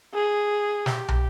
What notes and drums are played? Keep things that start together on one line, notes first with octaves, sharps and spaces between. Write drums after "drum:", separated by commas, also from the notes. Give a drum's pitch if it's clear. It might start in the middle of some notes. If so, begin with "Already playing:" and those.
G#4
G4, drum: snare
drum: tom